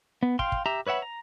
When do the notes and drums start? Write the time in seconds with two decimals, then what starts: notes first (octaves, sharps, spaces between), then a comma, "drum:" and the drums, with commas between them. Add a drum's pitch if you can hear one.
0.23 B3
0.39 F5 G5 C6, drum: kick
0.52 drum: kick
0.66 G4 E5 A#5
0.87 B4 C#5 E5 F#5 B5
1.02 A#5